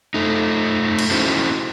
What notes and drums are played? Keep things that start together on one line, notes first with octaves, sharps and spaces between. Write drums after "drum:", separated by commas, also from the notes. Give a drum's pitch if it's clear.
A3 D#4
drum: cymbal
C#4 E4 F#4 C5